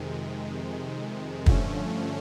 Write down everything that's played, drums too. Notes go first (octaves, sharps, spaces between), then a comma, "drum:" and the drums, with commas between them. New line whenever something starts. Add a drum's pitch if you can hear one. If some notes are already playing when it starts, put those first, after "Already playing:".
Already playing: F2 C3 D#3 G#3
G2 D3 F3 A3 C#4, drum: kick